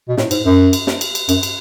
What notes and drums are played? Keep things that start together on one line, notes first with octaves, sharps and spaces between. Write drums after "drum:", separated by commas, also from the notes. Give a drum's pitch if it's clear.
B2
A2, drum: snare
G#2, drum: cymbal
F#2
drum: cymbal
drum: snare
drum: cymbal
drum: cymbal
F#2, drum: cymbal
drum: cymbal